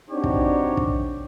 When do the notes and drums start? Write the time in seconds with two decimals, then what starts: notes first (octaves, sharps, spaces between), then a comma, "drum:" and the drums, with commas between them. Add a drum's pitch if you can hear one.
0.10 C4 D4 D#4 F#4 G4 C#5
0.24 drum: kick
0.77 drum: kick